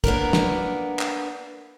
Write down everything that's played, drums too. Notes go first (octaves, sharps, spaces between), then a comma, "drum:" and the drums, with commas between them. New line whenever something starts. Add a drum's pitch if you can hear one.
A#3 B3 D4 A#4, drum: kick
drum: snare
drum: clap